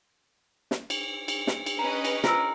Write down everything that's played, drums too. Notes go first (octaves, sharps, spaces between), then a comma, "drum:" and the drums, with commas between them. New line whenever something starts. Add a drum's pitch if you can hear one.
drum: snare
drum: cymbal
drum: cymbal
drum: snare
drum: cymbal
C#4 B4 D#5 A#5
drum: cymbal
F4 A#4 C5 E6, drum: snare